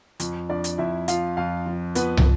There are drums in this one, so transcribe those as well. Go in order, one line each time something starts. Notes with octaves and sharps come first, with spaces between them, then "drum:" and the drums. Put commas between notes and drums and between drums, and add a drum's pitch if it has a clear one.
F2, drum: hi-hat
F2 D4 D5
drum: hi-hat
F2 E4 E5
F3 F4 F5, drum: hi-hat
F2 F4 F5
F3
F2 B3 B4, drum: hi-hat
drum: tom